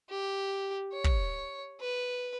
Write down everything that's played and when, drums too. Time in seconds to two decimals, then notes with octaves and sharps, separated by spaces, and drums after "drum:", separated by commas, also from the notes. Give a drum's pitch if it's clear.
0.10 G4
0.93 C#5
1.04 drum: kick
1.80 B4